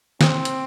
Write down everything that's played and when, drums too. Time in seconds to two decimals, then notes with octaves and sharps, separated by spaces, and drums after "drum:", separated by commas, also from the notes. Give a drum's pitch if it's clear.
0.21 C4, drum: snare
0.45 drum: hi-hat